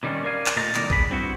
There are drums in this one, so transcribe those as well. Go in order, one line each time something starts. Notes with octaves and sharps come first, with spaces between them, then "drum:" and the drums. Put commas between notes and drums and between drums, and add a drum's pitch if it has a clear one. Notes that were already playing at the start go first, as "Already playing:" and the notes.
C3 D#3 G3 A3 C#4 D4
A#4 D5 F5 G#5
drum: clap
A#2 A3 D#5 A5 A#5
C2 A#2 D#3 A#4 D5, drum: clap
B3 G#4 B5, drum: kick
G2 C4 E4 F#4